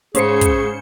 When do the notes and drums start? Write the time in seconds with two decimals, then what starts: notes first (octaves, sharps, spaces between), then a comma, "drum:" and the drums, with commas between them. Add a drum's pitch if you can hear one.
0.15 G#2 C#3 C#4 G#4 C5 C#7, drum: hi-hat
0.41 drum: kick, hi-hat